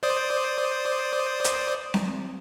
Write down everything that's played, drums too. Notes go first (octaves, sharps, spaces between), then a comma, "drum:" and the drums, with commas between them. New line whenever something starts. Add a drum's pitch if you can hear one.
C5 D5 D#6
drum: hi-hat
drum: snare C4